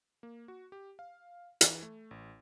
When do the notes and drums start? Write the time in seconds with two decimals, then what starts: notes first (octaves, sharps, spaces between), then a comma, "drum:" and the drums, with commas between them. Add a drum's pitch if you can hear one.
0.23 A#3
0.48 F#4
0.72 G4
0.99 F5
1.61 E3, drum: hi-hat
1.82 A3
2.11 A1